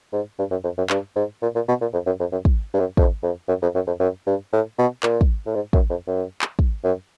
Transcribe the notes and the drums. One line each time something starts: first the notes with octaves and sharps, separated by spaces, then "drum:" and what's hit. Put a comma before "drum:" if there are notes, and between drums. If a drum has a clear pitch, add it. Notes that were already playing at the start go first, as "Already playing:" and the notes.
G#2
G2
F#2
F2
F#2
G2, drum: clap
G#2
A#2
A#2
B2
A#2
F2
F#2
F2
F#2
drum: kick
G2
F#2
F2, drum: kick
F2
F#2
F2
F#2
F2
F#2
G2
A2
B2
A#2, drum: clap
drum: kick
A2
G#2
F#2, drum: kick
F2
F#2
drum: clap
drum: kick
F#2